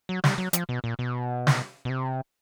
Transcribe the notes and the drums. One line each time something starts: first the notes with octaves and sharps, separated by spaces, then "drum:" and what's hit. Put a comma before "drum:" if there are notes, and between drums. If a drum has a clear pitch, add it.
F#3
G3, drum: snare
F#3
F3, drum: hi-hat
B2
A#2
B2
drum: snare
B2
C3